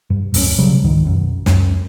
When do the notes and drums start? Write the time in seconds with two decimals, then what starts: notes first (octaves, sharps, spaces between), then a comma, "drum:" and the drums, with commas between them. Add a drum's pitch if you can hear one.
0.10 G2
0.34 D1 B3 C#4, drum: open hi-hat
0.59 B1 C#3 F#3 G3
0.84 C#2 G#2 D#3
1.05 B1 F#2
1.46 C#2 F#2 C#4, drum: snare